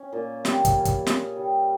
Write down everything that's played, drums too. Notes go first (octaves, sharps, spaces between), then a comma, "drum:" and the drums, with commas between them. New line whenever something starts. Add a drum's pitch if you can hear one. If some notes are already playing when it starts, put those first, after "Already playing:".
Already playing: C#4
A#2
G3, drum: snare
drum: kick, hi-hat
C#4
drum: kick, hi-hat
G#4, drum: snare
G3